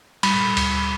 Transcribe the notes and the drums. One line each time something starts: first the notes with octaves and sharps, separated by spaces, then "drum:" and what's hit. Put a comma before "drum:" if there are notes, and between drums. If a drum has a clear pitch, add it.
G3 B5, drum: cymbal
D2, drum: cymbal